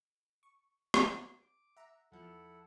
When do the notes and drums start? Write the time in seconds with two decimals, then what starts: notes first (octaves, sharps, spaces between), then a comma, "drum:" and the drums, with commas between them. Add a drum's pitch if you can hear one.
0.43 C#6
0.94 drum: rim click
1.41 D6
1.77 E5 F#5 A#5
2.12 E2 F3 E4 A4 F#5